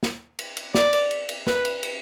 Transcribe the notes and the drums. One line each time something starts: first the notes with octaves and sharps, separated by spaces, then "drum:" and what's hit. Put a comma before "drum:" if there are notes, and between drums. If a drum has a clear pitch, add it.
drum: snare
drum: cymbal
drum: cymbal
D5, drum: snare
drum: cymbal
drum: cymbal
drum: cymbal
B4, drum: snare
drum: cymbal
drum: cymbal